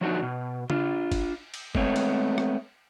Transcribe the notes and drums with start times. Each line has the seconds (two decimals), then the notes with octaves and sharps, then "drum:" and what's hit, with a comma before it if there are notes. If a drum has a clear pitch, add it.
0.01 F3 F#3 D4 D#4 F#4
0.22 B2
0.70 D4 F4, drum: tom C#3
1.12 drum: kick, cymbal
1.54 drum: cymbal
1.75 G#3 A3 B3 C4 C#5, drum: kick
1.96 drum: cymbal
2.38 drum: rim click